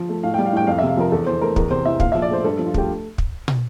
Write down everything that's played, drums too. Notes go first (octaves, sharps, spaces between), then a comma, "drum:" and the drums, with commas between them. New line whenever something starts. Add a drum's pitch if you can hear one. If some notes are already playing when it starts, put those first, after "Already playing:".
Already playing: F3
A3
A2 F5
G3 G5
F5
A2 G5
F2 F5
C3 E5
F5
F3 A#4
E2 A4
E3 C5
A3 A#4
E2 A#4, drum: kick
C3 C5
E3 E5
A#2 F5, drum: kick
F3 E5
D5
A3 C5
G2 A4
F3
F4
A3 G4, drum: kick
drum: kick
drum: tom